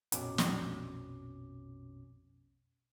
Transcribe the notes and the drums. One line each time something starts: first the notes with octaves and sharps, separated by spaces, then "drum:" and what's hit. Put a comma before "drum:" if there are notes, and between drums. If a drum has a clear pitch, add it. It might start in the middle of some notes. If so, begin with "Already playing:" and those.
A#1 F2 B2 C#4 D6, drum: hi-hat
drum: snare